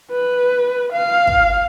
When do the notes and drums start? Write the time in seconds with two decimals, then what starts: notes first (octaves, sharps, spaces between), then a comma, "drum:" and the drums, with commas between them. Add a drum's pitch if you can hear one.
0.12 B4
0.92 F5
1.27 drum: kick